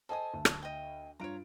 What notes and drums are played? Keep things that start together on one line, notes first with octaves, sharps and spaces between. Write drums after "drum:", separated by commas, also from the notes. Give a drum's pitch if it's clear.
A4 C5 D#5 G#5 D#6
D2
drum: rim click
D#5 G5
G2 F4 C#5 A#5 D7